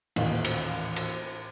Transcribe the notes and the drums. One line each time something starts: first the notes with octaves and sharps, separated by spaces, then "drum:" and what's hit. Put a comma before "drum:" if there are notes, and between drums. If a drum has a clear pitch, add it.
A1 D#2 A#2, drum: cymbal
drum: cymbal
drum: cymbal